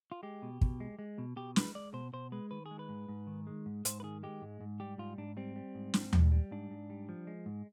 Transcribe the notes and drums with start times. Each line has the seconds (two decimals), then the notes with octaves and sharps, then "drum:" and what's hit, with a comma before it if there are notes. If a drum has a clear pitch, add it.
0.12 F4
0.23 G#3 G4
0.42 B2
0.61 B2, drum: kick
0.80 G#3
0.99 G#3
1.18 B2
1.36 B2 G4
1.56 G#3 B4, drum: snare
1.75 G#3 D5
1.94 B2 C5
2.13 B2 C5
2.32 G#3 B4
2.51 D#3 B4
2.66 G#4
2.71 G#3
2.79 B4
2.89 G#2
3.09 G#2
3.27 D#3
3.47 G#3
3.66 G#2
3.85 G#2 C5, drum: hi-hat
4.00 B4
4.03 D#3 G#4
4.23 G#3 G4
4.42 G#2
4.61 G#2
4.80 G3 G4
4.98 G#2 F4
5.18 G#2 D4
5.37 G3 C4
5.56 G3
5.75 G#2
5.94 G#2, drum: snare
6.13 G3, drum: tom D#2
6.32 G3
6.51 G#2 D4
6.70 G#2
6.90 G3
7.09 F3
7.27 G#3
7.46 G#2